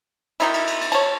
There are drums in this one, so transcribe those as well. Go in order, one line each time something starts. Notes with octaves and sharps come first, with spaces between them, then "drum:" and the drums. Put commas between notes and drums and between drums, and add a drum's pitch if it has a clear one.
D#3 D#4 E4, drum: cymbal
drum: cymbal
drum: cymbal
drum: cymbal
C#5 A5, drum: cymbal